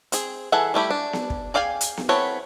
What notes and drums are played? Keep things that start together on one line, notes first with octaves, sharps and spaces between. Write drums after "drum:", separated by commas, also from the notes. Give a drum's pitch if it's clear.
C4 G#4, drum: hi-hat
E3 G#4 A4 E5 F#5
G3 A3 E4 G4
D4
drum: snare B3
drum: kick
G#4 D5 F5 G5 G#5
drum: hi-hat
drum: snare B3
B3 C4 E4 A4 C#5